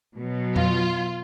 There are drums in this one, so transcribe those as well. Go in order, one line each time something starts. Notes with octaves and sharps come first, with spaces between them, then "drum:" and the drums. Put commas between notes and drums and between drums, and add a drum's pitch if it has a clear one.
B2 F#3
F4, drum: tom F2